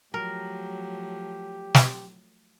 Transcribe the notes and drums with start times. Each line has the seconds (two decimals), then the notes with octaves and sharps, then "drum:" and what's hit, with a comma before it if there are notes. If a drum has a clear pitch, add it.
0.14 F3 F#3 A3 G4 A#4
1.75 drum: snare